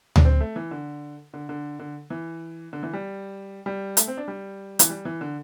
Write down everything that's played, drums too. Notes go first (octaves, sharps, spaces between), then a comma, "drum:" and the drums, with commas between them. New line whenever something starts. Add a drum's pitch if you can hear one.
D4, drum: tom D2
C4
A3
E3
D3
D3
D3
D3
E3
D3
E3
G3
G3
A3, drum: hi-hat
C4
D4
G3
E3, drum: hi-hat
G3
E3
D3